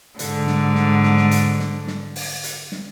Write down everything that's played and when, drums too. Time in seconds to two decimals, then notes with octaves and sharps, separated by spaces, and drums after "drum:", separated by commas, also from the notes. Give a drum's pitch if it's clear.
0.19 G#2 D3, drum: hi-hat
0.47 drum: snare
0.75 drum: snare
1.03 drum: snare
1.17 drum: snare
1.31 drum: hi-hat
1.59 drum: snare
1.87 drum: snare
2.16 drum: open hi-hat
2.44 drum: hi-hat
2.72 drum: snare